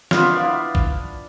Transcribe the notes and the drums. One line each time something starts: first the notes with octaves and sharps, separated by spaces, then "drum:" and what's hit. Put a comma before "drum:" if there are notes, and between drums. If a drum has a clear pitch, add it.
B3 D4 F4 F5, drum: snare
E5
D5 F5
B3 E4
drum: kick